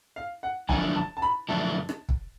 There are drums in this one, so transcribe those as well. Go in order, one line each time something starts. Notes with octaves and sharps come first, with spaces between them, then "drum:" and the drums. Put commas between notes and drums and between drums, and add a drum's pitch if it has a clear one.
F5
F#5
F#2 D3 F3 A3 D4 G#5, drum: kick
A5
A5
B5
F#2 D3 F3 A3 D4 A5
drum: rim click
drum: kick